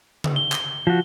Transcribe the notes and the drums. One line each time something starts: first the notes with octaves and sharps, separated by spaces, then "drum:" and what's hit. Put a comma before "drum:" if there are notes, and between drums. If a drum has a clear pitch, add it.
drum: tom C#3
G7
drum: clap
F3 F#4